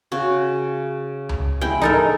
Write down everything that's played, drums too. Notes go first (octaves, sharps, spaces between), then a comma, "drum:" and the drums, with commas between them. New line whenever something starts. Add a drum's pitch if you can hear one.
C#3 F#4
drum: tom C#2
G#3 E4 G5
D#4 A4 A#4